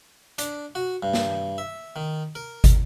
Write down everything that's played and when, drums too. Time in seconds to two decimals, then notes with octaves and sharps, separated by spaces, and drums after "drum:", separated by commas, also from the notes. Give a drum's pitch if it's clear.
0.38 D4, drum: hi-hat
0.75 F#4
1.03 G2
1.14 drum: snare
1.58 E5
1.96 D#3
2.35 A#4
2.64 drum: kick, hi-hat